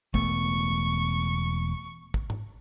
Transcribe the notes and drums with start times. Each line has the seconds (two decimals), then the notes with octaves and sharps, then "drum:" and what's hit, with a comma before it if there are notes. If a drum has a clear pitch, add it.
0.14 E1 A3 B3 C#6, drum: kick
2.14 drum: kick
2.30 drum: tom G#2